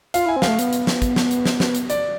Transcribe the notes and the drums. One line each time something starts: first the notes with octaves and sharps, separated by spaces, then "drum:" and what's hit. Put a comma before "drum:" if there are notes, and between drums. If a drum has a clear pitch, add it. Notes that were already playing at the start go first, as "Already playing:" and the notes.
F4 F5, drum: hi-hat
E4 G#5
C4
F5, drum: snare
A3
B3, drum: hi-hat
drum: hi-hat
drum: snare
drum: kick, hi-hat
drum: snare
drum: hi-hat
drum: snare
drum: snare
drum: hi-hat
D5, drum: hi-hat